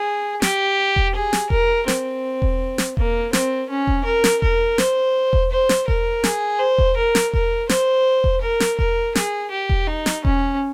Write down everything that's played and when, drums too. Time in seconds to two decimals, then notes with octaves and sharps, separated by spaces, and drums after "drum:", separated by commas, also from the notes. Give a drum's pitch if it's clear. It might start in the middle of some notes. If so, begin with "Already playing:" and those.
Already playing: G#4
0.42 G4, drum: snare
0.96 drum: kick E1
1.15 G#4
1.33 drum: snare
1.50 A#4, drum: kick E1
1.88 C4, drum: snare
2.42 drum: kick E1
2.78 drum: snare
2.97 A#3, drum: kick E1
3.33 C4, drum: snare
3.70 C#4
3.87 drum: kick E1
4.05 A#4
4.24 drum: snare
4.42 A#4, drum: kick E1
4.78 C5, drum: snare
5.33 drum: kick E1
5.51 C5
5.69 drum: snare
5.88 A#4, drum: kick E1
6.24 G#4, drum: snare
6.60 C5
6.78 drum: kick E1
6.97 A#4
7.15 drum: snare
7.33 A#4, drum: kick E1
7.69 C5, drum: snare
8.24 drum: kick E1
8.42 A#4
8.60 drum: snare
8.79 A#4, drum: kick E1
9.15 G#4, drum: snare
9.51 G4
9.69 drum: kick E1
9.87 D#4
10.06 drum: snare
10.25 C#4, drum: kick E1